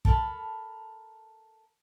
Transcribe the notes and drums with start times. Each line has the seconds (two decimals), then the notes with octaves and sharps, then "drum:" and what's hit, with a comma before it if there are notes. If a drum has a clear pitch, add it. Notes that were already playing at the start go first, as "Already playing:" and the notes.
0.05 A4 A#4 A5 B5, drum: kick